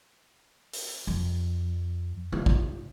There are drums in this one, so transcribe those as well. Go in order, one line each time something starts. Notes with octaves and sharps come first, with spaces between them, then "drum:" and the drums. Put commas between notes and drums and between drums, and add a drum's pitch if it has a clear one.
drum: open hi-hat
F2
F4, drum: tom C3
drum: kick